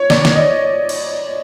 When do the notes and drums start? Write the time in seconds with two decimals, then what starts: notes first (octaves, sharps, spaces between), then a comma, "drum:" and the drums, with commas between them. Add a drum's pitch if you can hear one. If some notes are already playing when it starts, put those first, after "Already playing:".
Already playing: C#5
0.10 D5, drum: snare
0.25 drum: snare
0.36 D#5
0.89 drum: cymbal